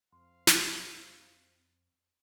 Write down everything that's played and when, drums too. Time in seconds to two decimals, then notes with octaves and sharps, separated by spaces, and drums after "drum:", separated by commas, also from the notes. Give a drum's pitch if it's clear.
0.12 F2 C4 F5 C6
0.47 drum: snare